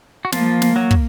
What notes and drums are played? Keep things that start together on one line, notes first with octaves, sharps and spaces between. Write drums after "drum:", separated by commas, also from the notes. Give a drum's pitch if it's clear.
F#4
F3 A#3 F4, drum: snare
drum: snare
F#3 F#4
drum: kick